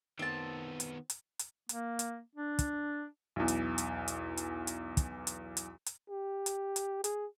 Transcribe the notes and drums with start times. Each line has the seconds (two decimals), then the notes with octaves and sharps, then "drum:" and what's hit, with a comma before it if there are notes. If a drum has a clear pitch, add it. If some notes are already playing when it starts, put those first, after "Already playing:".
0.19 D#3 B3 C4 A5
0.80 drum: hi-hat
1.10 drum: hi-hat
1.39 drum: hi-hat
1.69 A#3, drum: hi-hat
1.99 drum: hi-hat
2.35 D4
2.59 drum: kick, hi-hat
3.36 B1 E2
3.48 drum: hi-hat
3.78 drum: hi-hat
4.08 drum: hi-hat
4.37 drum: hi-hat
4.67 drum: hi-hat
4.97 drum: kick, hi-hat
5.27 drum: hi-hat
5.57 drum: hi-hat
5.86 drum: hi-hat
6.10 G4
6.46 drum: hi-hat
6.76 drum: hi-hat
7.04 G#4, drum: hi-hat